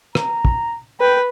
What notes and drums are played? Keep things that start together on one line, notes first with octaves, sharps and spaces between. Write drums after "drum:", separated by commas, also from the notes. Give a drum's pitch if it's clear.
A#5, drum: rim click
drum: kick
B4 G5